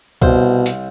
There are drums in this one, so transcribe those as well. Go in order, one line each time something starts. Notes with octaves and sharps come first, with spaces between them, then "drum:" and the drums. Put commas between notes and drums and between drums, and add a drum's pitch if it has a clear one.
C2 B2 C5, drum: kick C#2
drum: hi-hat